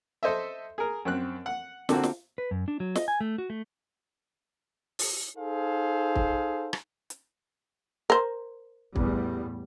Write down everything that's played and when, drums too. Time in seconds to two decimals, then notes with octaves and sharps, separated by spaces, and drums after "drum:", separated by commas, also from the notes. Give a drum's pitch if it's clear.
0.23 A4 C5 D#5 E5
0.78 G#4 A#4
1.05 F#2 C4 F#6
1.46 F#5
1.89 D3 A#3 C4 F#4, drum: snare
2.03 drum: snare
2.38 B4
2.51 F#2
2.68 D4
2.80 F#3
2.95 D#5, drum: snare
3.08 G#5
3.21 A3
3.38 F#4
3.50 A3
4.99 drum: open hi-hat
5.37 D#4 G#4 A4 C5 F5
6.16 drum: kick
6.73 drum: rim click
7.10 drum: hi-hat
8.10 A#4 C5
8.96 E2 A2 G3, drum: kick